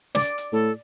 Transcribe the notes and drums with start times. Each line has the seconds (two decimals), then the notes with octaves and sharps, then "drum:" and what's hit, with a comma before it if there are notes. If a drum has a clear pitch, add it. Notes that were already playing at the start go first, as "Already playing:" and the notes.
0.15 D5, drum: snare
0.38 drum: hi-hat
0.53 A2 A4